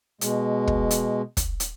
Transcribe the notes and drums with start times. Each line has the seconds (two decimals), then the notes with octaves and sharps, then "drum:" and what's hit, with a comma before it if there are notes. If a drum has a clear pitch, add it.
0.21 B2 G#3, drum: hi-hat
0.67 drum: kick
0.91 drum: hi-hat
1.37 drum: kick, hi-hat
1.60 drum: hi-hat